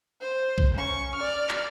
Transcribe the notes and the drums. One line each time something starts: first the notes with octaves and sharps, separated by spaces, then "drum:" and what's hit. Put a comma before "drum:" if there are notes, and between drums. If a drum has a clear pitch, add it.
C5
drum: kick B1
C#4 C#6
D5 F6
drum: clap